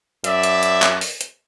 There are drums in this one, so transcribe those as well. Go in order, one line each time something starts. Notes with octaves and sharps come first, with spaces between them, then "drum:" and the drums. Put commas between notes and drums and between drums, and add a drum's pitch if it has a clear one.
F#2 D5 E5, drum: hi-hat
drum: hi-hat
drum: hi-hat
drum: clap
drum: open hi-hat
drum: hi-hat